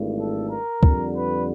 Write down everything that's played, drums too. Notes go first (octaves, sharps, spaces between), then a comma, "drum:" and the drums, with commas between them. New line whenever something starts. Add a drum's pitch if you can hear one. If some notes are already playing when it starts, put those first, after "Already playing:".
Already playing: G#1 G2 E3 A3
A4
A#4
F2 D3 G3, drum: kick
B4